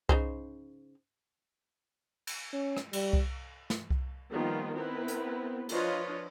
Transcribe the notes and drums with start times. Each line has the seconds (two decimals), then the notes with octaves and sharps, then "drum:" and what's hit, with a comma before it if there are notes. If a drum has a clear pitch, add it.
0.09 C#3 D#4 C5, drum: kick C2
2.27 drum: cymbal
2.53 C#4
2.77 drum: rim click
2.93 G3, drum: cymbal
3.13 drum: kick C2
3.70 drum: snare
3.90 drum: kick C2
4.31 D#3 F3 G3 A#3 B3 F4
4.74 B3 C4 E4 A#4 B4
5.08 drum: hi-hat
5.69 F3 D4 F4 B4 C#5 D#5, drum: cymbal